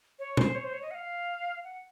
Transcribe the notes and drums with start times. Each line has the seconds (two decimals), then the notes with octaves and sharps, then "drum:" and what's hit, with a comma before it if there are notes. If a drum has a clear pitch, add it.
0.19 C#5
0.37 C5, drum: tom
0.55 C#5
0.64 C5
0.73 C#5
0.82 D#5
0.91 F#5
0.94 F5
1.64 F#5